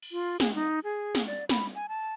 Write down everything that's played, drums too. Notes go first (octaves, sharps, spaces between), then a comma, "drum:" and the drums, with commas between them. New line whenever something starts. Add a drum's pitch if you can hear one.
drum: cymbal
F4
G#4, drum: snare
D#4
G#4
drum: snare
D5
B5, drum: snare
G#5
A5